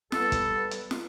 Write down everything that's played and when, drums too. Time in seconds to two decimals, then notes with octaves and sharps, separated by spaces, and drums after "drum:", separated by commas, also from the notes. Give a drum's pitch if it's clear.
0.12 G3 B3 A4, drum: snare
0.32 drum: kick, hi-hat
0.71 drum: hi-hat
0.91 drum: snare